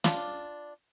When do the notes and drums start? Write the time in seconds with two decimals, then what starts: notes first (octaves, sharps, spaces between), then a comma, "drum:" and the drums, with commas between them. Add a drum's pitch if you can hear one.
0.04 D4 F4, drum: snare